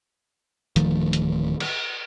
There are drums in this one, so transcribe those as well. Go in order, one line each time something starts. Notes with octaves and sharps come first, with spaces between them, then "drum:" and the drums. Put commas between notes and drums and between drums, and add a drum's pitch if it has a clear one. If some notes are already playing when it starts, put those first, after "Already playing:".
D1 D#3 F3 A3, drum: hi-hat
drum: hi-hat
drum: cymbal